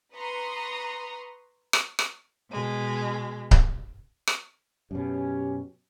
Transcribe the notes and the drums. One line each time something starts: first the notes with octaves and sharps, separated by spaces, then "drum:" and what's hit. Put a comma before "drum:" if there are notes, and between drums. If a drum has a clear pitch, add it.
B4 A#5 C6 C#6 D#6
drum: rim click
drum: rim click
B2 G#3
drum: kick C#1
drum: rim click
F#2 B2 C#4 G4